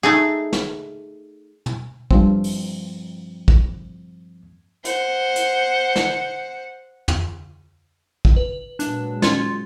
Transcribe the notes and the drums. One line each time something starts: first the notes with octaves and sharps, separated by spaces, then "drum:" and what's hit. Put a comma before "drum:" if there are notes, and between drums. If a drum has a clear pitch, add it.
A3 D#4 G#4
drum: snare
drum: tom
G2 F3 C4, drum: kick
drum: open hi-hat
drum: kick
C5 F#5, drum: hi-hat
drum: hi-hat
drum: snare
drum: tom
drum: kick
B4
A#2 F#3 G#3 D4, drum: hi-hat
C#4 F4 C6, drum: snare